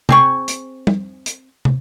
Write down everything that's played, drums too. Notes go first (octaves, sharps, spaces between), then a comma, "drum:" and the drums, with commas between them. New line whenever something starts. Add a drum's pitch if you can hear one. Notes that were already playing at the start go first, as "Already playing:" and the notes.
C4 G#4 C#6, drum: tom C3
drum: hi-hat
drum: tom
drum: hi-hat
drum: tom